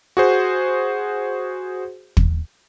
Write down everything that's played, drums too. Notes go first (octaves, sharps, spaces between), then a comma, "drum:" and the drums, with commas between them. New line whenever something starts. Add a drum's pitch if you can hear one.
F#4 G#4 C5
drum: kick